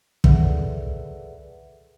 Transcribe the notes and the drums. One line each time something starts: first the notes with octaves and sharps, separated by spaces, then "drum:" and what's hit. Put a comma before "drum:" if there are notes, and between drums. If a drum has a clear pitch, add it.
G#4 A4 B4 D5 E5 F#5, drum: kick